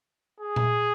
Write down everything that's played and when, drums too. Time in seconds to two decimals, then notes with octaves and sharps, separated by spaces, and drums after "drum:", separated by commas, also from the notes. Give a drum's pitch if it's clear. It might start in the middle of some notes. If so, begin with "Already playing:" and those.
0.38 G#4
0.56 drum: tom A#2